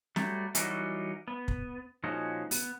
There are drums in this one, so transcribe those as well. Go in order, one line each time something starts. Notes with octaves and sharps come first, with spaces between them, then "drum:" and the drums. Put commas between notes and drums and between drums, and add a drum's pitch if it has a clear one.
F#3 G3 A3, drum: snare
E3 F#3 G3 D#4 F#4 A#4, drum: hi-hat
B3
drum: kick
A#2 F3 G#3 C#4 D#4 F#4
B3, drum: open hi-hat